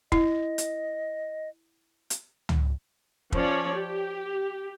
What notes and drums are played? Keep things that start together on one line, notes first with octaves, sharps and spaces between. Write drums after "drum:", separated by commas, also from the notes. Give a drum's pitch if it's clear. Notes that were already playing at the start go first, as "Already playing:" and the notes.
E4 D#5, drum: kick
drum: hi-hat
drum: hi-hat
drum: tom C#2
F3 C#4 C#5 D5, drum: kick
G4